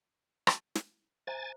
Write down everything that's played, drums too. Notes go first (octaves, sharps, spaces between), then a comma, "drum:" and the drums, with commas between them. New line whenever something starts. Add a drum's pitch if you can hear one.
drum: rim click
drum: snare
C5 E5 G#5 A#5 A6